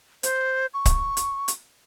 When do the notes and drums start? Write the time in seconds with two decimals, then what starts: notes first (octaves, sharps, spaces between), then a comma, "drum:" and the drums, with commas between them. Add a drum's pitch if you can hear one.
0.23 C5, drum: hi-hat
0.74 C#6
0.85 drum: kick C#1, hi-hat
1.17 drum: hi-hat
1.48 drum: hi-hat